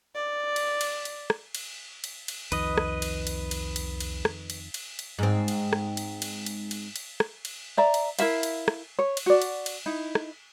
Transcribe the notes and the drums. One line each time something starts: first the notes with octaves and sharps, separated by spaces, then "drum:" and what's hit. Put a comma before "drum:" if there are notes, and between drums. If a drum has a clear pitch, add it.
D5
drum: cymbal
drum: cymbal
drum: cymbal
drum: rim click
drum: cymbal
drum: cymbal
drum: cymbal
C2 F2 D#3 B4 D#5, drum: cymbal
drum: rim click
drum: cymbal
drum: cymbal
drum: cymbal
drum: cymbal
drum: cymbal
drum: rim click
drum: cymbal
drum: cymbal
drum: cymbal
G#2 C4
drum: cymbal
drum: rim click
drum: cymbal
drum: cymbal
drum: cymbal
drum: cymbal
drum: cymbal
drum: rim click
drum: cymbal
D5 E5 A#5
drum: cymbal
E4 A#4 E5 F5, drum: cymbal
drum: cymbal
drum: rim click
C#5
drum: cymbal
F#4 D5
drum: cymbal
drum: cymbal
D#4 E4
drum: rim click